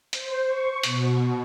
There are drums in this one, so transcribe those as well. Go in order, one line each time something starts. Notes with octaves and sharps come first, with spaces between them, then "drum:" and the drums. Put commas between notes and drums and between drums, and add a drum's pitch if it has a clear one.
C5, drum: hi-hat
C#6
B2, drum: hi-hat